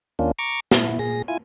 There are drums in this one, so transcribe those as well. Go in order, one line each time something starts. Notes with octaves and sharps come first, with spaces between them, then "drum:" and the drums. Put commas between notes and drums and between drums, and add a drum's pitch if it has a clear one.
D#2 A#3 C#4 D4 F4
A#5 C#6 D6
A#2 E4, drum: snare
A#2 G#4 A#6
E4 F4 G#5